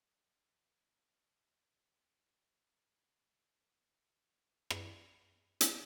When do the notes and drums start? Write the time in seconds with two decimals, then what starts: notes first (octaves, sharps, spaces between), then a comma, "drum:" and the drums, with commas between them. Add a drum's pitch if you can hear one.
0.05 A2
0.28 D2 A2 C3 F#3 F#5 C#6
0.41 G3 E4 F#4
1.82 E3 F3
4.10 C3 E3 G3
4.70 drum: rim click
5.61 drum: hi-hat